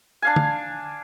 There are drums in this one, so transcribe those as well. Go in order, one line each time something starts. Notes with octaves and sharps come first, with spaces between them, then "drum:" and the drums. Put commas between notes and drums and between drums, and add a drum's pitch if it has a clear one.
D4 F5 G#5
drum: tom